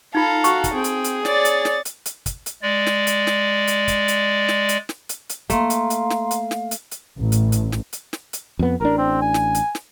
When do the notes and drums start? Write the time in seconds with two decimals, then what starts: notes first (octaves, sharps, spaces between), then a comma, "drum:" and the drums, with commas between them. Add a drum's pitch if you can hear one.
0.15 D#4 F4 A4 F5 A#5
0.44 F#4 C#6, drum: hi-hat
0.64 drum: kick, hi-hat
0.74 C4 G#4 G5
0.84 drum: hi-hat
1.04 drum: hi-hat
1.25 C#5 D5 A6, drum: snare
1.45 drum: hi-hat
1.65 drum: snare
1.85 drum: hi-hat
2.06 drum: hi-hat
2.26 drum: kick, hi-hat
2.46 drum: hi-hat
2.62 G#3 D5
2.86 drum: snare
3.07 drum: hi-hat
3.27 drum: snare
3.67 drum: hi-hat
3.88 drum: kick, hi-hat
4.08 drum: hi-hat
4.48 drum: snare
4.69 drum: hi-hat
4.89 drum: snare
5.09 drum: hi-hat
5.29 drum: hi-hat
5.50 A3 A#3 F5 A#5 C6, drum: kick, hi-hat
5.70 drum: hi-hat
5.90 drum: hi-hat
6.10 drum: snare
6.31 drum: hi-hat
6.51 drum: snare
6.71 drum: hi-hat
6.91 drum: hi-hat
7.18 A1
7.32 drum: hi-hat
7.52 drum: hi-hat
7.72 drum: snare
7.93 drum: hi-hat
8.13 drum: snare
8.33 drum: hi-hat
8.59 F2 B3
8.81 A1 D4 A#4
8.98 C4
9.22 G#5
9.34 drum: snare
9.55 drum: hi-hat
9.75 drum: snare